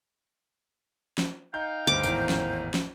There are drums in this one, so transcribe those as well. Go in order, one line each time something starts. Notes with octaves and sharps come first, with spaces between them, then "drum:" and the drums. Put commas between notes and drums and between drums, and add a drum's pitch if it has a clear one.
drum: snare
D#4 F5 G5 G6
D2 G2 C5 D6
G#1 E2 A2, drum: tambourine
drum: snare
drum: snare